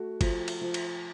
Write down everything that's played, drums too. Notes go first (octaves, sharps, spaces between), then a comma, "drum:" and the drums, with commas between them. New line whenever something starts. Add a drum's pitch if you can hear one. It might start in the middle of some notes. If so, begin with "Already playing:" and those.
Already playing: A3 F#4
F3, drum: kick G1, cymbal
drum: cymbal
F3
drum: cymbal